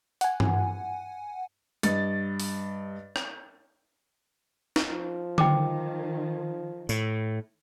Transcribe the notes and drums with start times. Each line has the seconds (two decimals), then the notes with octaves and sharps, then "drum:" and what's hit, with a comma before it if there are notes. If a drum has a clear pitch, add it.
0.21 F#5 G#5, drum: hi-hat
0.40 drum: tom G2
1.83 G2 D#5 A6, drum: hi-hat
2.40 drum: open hi-hat
3.16 drum: rim click
4.76 drum: snare
4.90 F3
5.38 D#3 G5 D6, drum: tom D3
6.89 A2, drum: tambourine